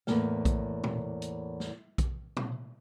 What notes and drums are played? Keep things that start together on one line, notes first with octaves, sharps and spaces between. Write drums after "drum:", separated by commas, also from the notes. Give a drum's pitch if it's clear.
E2 A2 E3 A3 A#3 F5, drum: snare
drum: kick A#1, hi-hat
drum: tom A#2
drum: hi-hat
drum: snare
drum: kick A#1, hi-hat
drum: tom A#2